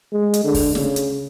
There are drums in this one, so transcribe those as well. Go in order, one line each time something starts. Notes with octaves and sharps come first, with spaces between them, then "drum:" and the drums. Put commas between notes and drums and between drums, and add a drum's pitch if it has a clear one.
G#3
drum: hi-hat
D3
drum: kick, open hi-hat
C#3, drum: snare
drum: hi-hat